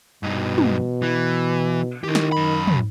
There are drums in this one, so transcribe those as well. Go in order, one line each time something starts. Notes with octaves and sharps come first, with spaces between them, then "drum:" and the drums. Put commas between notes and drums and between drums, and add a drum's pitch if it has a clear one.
G2 B2 D#4
drum: tom
E3
D#3 E4 G4
drum: snare
F#2 B5
drum: tom